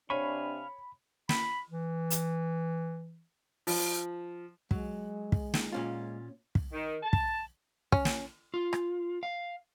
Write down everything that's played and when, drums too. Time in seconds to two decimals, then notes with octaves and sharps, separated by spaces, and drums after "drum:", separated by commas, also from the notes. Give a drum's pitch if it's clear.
0.10 C3 D4 C#5 F5 G#5 B5 C#6
1.29 B5, drum: snare
1.69 E3
2.10 drum: hi-hat
3.67 F3, drum: open hi-hat
4.71 F#3 G#3, drum: kick
5.32 drum: kick
5.54 D#4, drum: snare
5.72 A#2 C#4 F4
6.55 drum: kick
6.72 D#3
7.03 A5
7.13 drum: kick
7.92 C#4, drum: kick
8.05 drum: snare
8.54 F4
8.73 drum: rim click
9.23 F5